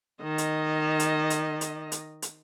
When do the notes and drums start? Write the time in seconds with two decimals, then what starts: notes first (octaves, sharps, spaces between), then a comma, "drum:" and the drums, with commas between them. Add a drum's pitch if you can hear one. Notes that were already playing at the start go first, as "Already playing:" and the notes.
0.23 D#3 D#5
0.38 drum: hi-hat
1.00 drum: hi-hat
1.30 drum: hi-hat
1.61 drum: hi-hat
1.92 drum: hi-hat
2.22 drum: hi-hat